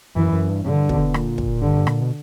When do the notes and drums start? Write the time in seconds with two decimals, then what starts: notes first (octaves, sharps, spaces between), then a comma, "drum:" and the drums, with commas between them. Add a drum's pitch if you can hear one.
0.16 F#2 E3
0.33 F#2
0.49 G2
0.65 G2 D3
0.89 B2, drum: kick
1.14 A#2, drum: rim click
1.38 drum: kick
1.62 G2 D3
1.87 A#2, drum: rim click
2.02 B2